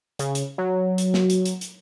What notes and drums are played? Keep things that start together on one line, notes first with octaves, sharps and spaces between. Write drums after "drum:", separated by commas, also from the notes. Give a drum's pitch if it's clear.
C#3, drum: hi-hat
drum: hi-hat
F#3
drum: hi-hat
drum: snare
drum: hi-hat
drum: hi-hat
drum: hi-hat